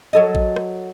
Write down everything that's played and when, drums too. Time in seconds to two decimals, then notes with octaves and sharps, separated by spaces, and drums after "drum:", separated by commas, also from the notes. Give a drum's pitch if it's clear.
0.13 F#3 A4 D#5
0.35 drum: kick A1
0.56 drum: rim click